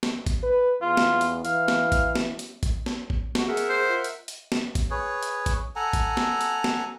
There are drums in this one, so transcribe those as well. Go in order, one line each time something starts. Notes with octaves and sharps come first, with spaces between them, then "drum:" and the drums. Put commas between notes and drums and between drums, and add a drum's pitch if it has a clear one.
drum: snare
drum: kick A1, hi-hat
B4
E2 F4
drum: snare
drum: hi-hat
E3 F5, drum: hi-hat
drum: snare
drum: kick A1, hi-hat
drum: snare
drum: hi-hat
drum: kick A1, hi-hat
drum: snare
drum: kick A1
F#4, drum: snare
G#4 A#4 E5 F#5
drum: hi-hat
C5
F4
drum: hi-hat
drum: hi-hat
drum: snare
drum: kick A1, hi-hat
G#4 B4 C#5
drum: hi-hat
drum: kick A1, hi-hat
A4 F#5 G#5 A#5
drum: kick A1, hi-hat
drum: snare
drum: hi-hat
drum: snare